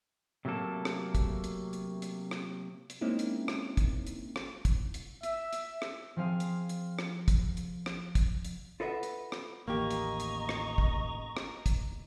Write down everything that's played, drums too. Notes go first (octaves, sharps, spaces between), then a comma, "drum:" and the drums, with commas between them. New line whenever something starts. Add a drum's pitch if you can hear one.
C3 F#3 A3 A#3 A4
drum: rim click
drum: kick, hi-hat
drum: hi-hat
drum: hi-hat
drum: hi-hat
drum: rim click
drum: hi-hat
G#3 A#3 C4 C#4 D#4 E4
drum: hi-hat
drum: rim click
drum: kick, hi-hat
drum: hi-hat
drum: rim click
drum: kick, hi-hat
drum: hi-hat
E5, drum: hi-hat
drum: hi-hat
drum: rim click
F3 C4 G#4 F5
drum: hi-hat
drum: hi-hat
drum: rim click
drum: kick, hi-hat
drum: hi-hat
drum: rim click
drum: kick, hi-hat
drum: hi-hat
F4 A4 B4 D#5 E5 F#5
drum: hi-hat
drum: rim click
A1 D#2 A#3 G4 D#5 A#5 C#6
drum: hi-hat
drum: hi-hat
drum: rim click
drum: kick
drum: rim click
drum: kick, hi-hat